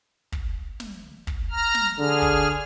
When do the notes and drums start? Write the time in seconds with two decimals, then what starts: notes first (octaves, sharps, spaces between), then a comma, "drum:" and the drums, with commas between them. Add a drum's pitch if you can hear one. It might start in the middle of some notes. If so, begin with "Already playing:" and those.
0.32 drum: kick
0.80 drum: snare
1.27 drum: kick
1.51 A#5 F6
1.74 drum: snare
1.99 D3 G#4 F6
2.22 drum: kick